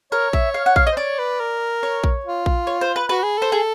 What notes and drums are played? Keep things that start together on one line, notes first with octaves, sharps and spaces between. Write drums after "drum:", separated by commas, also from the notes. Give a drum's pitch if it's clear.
A#4 C#5
E5, drum: kick A#1
F5
F#5
F5, drum: kick A#1
D#5
C5
C#5 D5
B4
A#4
C#5
drum: kick A#1
F4
drum: kick A#1
C#5
C5
B4
F#4 B4
G#4
A4 C5
G#4